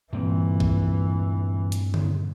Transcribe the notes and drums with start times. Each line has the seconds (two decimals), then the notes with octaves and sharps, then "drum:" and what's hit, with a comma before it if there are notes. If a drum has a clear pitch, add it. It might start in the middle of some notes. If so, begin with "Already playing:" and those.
0.13 G2 A#2 E3 C4
0.60 drum: kick
1.72 drum: hi-hat
1.94 drum: tom D3